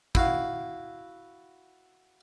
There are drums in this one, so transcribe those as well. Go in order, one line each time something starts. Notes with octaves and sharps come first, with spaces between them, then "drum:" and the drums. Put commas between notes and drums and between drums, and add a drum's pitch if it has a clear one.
E4 F#4 F5, drum: kick